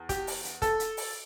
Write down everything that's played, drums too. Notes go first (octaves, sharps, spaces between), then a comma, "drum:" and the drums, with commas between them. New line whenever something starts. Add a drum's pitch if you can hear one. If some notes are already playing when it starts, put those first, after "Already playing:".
Already playing: E2
G4, drum: kick, hi-hat
drum: open hi-hat
drum: hi-hat
A4, drum: kick, hi-hat
drum: hi-hat
drum: open hi-hat